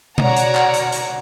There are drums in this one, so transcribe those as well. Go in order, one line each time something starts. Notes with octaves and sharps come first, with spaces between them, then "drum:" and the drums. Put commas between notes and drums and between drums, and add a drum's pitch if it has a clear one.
F#4 C#5 D5 F#5 A#5, drum: tom B2
drum: hi-hat
drum: clap
drum: hi-hat
drum: hi-hat